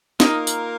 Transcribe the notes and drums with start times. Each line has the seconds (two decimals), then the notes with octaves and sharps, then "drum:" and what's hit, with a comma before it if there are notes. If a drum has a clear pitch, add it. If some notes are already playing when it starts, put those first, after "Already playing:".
0.20 A#3 D#4 F4 A#4, drum: snare
0.47 drum: tambourine